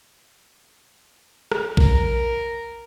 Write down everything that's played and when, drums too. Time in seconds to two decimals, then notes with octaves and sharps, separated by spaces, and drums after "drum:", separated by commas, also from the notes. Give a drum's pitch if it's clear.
1.52 drum: rim click
1.77 A#4, drum: kick A#1